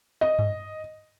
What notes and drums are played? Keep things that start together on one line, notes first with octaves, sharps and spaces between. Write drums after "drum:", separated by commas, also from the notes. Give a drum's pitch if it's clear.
D#5
drum: tom G2